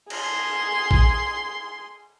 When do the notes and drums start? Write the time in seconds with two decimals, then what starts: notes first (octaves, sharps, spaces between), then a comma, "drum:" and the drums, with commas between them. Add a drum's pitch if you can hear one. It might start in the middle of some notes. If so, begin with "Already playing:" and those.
0.10 G#4 C6, drum: cymbal
0.91 drum: kick